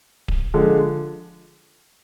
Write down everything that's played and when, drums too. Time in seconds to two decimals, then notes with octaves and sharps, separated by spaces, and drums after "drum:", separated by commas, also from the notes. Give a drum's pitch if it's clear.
0.28 drum: kick D1
0.54 D3 F3 G#3